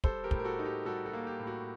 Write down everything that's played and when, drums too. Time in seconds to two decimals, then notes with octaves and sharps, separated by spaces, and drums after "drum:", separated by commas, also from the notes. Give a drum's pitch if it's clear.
0.04 G3 A4 C5, drum: kick
0.24 G4 A#4
0.31 A2, drum: kick
0.39 A#4
0.45 F#4 A4
0.59 D#4
0.65 G4
0.85 G3 F#4 A4
1.06 F#4 A4
1.13 A#3
1.27 G4
1.39 A2
1.47 F#4